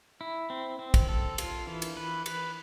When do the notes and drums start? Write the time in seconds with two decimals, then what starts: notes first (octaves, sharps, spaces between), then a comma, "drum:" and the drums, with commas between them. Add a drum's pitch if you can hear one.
0.21 E4
0.50 C4
0.79 C4
0.94 drum: kick, cymbal
1.09 A4
1.38 F4, drum: cymbal
1.67 E3
1.82 drum: cymbal
1.97 B4
2.26 B4, drum: cymbal